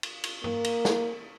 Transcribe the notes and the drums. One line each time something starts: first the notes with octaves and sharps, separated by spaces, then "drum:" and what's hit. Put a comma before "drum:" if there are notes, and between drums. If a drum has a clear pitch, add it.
drum: cymbal
drum: cymbal
A#3, drum: tom
drum: cymbal
drum: snare